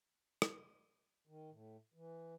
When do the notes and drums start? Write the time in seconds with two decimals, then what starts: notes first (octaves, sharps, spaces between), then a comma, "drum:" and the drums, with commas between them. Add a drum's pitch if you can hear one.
0.42 drum: rim click
1.27 D#3
1.50 A2
1.94 E3